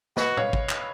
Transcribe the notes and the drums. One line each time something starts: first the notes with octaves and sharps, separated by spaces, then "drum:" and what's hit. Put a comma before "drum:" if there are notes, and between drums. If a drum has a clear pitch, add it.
F#4 B4 D#5, drum: snare
C#5 F5, drum: tom
drum: kick
drum: clap